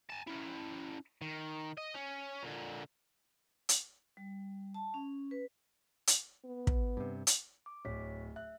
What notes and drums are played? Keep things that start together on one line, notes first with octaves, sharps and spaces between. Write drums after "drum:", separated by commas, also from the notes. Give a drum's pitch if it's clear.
G#5 A5
C#4 E4
D#3
D#5
C#4
A#2 D3
drum: hi-hat
G3
A5
C#4
B4
drum: hi-hat
B3
drum: kick
G2 C3
drum: hi-hat
D6
D1 C#5 B6
E5 F#6